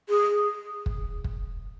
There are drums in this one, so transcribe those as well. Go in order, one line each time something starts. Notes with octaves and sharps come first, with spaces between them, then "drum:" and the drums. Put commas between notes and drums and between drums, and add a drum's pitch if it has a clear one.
G#4
drum: kick
drum: kick